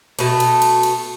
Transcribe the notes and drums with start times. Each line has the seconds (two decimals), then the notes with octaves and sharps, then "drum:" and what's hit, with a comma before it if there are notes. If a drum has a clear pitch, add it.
0.19 B2 A3, drum: cymbal
0.40 drum: cymbal
0.62 drum: cymbal
0.83 drum: cymbal